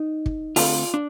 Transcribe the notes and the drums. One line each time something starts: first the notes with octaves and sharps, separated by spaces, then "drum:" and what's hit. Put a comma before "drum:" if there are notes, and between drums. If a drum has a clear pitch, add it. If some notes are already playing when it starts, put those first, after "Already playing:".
Already playing: D#4
drum: kick
D3 A3 C4 D4 F4, drum: open hi-hat
D4